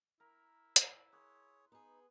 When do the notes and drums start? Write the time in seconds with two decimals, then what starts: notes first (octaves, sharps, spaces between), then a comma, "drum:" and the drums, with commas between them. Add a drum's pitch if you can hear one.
0.20 E4 A#4
0.76 drum: hi-hat
1.12 G#4 B4 C#5 C6
1.72 B3 D#4 G#4